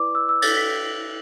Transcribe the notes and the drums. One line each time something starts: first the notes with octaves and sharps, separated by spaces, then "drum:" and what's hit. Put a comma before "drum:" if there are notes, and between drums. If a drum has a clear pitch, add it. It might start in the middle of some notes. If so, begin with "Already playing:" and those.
Already playing: E4 B4 D5 D6
E6
E6
A6, drum: cymbal
B6